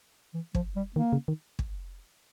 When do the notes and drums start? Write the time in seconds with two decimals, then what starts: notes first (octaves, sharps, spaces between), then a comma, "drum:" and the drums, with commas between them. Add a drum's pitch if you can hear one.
0.34 E3
0.55 F3, drum: kick
0.76 G3
0.96 D#3 A#3
1.13 C#3
1.28 D#3
1.59 drum: kick